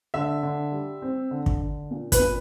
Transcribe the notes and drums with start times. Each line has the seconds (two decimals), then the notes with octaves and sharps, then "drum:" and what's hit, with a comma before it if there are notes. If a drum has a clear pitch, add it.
0.14 D3 E5
0.43 D3
0.72 G3
1.02 C4
1.31 D3
1.46 drum: kick
1.61 D3
1.91 A#2
2.12 B4, drum: kick, hi-hat
2.19 A#2